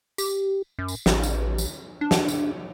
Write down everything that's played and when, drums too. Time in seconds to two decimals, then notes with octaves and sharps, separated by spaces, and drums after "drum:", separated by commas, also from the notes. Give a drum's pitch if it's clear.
0.18 G4, drum: tambourine
0.79 F#2
0.88 drum: tambourine
1.06 A1, drum: snare
1.23 drum: tambourine
1.58 drum: tambourine
2.01 D4
2.11 drum: snare
2.28 drum: tambourine